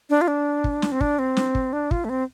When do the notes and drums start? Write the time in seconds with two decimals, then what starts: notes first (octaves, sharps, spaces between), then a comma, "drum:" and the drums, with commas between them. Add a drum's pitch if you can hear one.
0.10 D4
0.21 F4
0.28 D4
0.64 drum: kick
0.82 drum: snare
0.92 C4
1.01 D4, drum: kick
1.19 C4
1.37 drum: snare
1.55 drum: kick
1.73 D4
1.91 F4, drum: kick
2.04 A3
2.09 C4